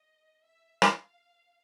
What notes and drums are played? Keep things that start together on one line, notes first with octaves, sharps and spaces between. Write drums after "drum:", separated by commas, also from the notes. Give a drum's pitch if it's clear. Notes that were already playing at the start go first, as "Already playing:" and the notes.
Already playing: D#5
E5
F5, drum: rim click